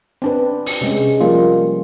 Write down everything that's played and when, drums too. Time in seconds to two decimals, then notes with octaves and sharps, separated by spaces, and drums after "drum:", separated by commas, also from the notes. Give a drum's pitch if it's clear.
0.22 C4 D4 B4
0.66 drum: open hi-hat
0.81 C3 G#3 C#4
1.20 F3 G3 A#3 F4